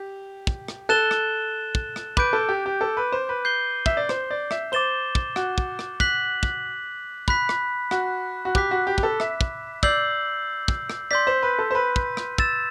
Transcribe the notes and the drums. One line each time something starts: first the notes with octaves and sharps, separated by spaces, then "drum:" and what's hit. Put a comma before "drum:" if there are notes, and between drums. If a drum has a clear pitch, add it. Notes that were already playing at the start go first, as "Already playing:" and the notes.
Already playing: G4
drum: kick
drum: rim click
A4 F#6 A6 E7 G7
drum: rim click
drum: kick
drum: rim click
B4 D6 G6 D7, drum: kick
A4
G4
G4
A4
B4
C5
B4
G6 C7 G7
E5, drum: kick
D5
C5, drum: rim click
D5
E5, drum: rim click
C5 D6 A6 E7 G7
drum: kick
F#4, drum: rim click
drum: kick
drum: rim click
F#6 B6 F#7, drum: kick
drum: kick
B5 F#6 B6, drum: kick
drum: rim click
F#4, drum: rim click
F#4
G4 D6 F#6 B6, drum: kick
F#4
G4
G4, drum: kick
A4
E5, drum: rim click
drum: kick
D5 E6 G6 C7 F#7, drum: kick
drum: kick
drum: rim click
D5 C6 G6 B6
C5
B4
A4
C5
B4
drum: kick
drum: rim click
E6 A6 E7, drum: kick